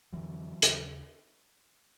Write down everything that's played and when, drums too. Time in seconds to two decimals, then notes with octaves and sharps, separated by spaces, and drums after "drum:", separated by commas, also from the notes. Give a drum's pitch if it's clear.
0.13 F2 D3 E3 F#3
0.62 D#2 C#3, drum: hi-hat